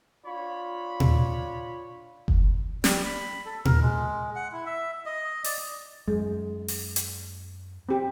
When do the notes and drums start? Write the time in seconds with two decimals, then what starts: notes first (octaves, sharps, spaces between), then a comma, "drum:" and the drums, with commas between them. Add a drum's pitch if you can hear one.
0.25 D4 F4 C#5 B5
1.00 drum: tom
2.28 drum: kick F#1
2.84 G3, drum: snare
3.04 B5
3.45 A4
3.65 A#4, drum: tom
3.82 G#3
4.36 F#5
4.52 E4
4.66 E5
5.06 D#5
5.44 D5, drum: open hi-hat
6.08 F#2 G#3
6.68 drum: open hi-hat
6.96 drum: hi-hat
7.89 C4 G4